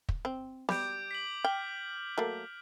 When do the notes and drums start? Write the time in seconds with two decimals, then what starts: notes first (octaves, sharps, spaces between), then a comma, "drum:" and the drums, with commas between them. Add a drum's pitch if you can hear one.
0.09 drum: kick
0.25 C4
0.69 G3 D6 G6 D7, drum: snare B3
1.11 B6 F#7
1.45 G5 F6
2.18 F#3 A3 A#3